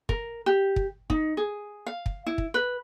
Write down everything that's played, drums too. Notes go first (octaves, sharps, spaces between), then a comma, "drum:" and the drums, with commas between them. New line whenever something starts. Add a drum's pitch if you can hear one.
A#4, drum: kick
G4
drum: kick
D#4, drum: kick
G#4
F5
drum: kick
E4
drum: kick
B4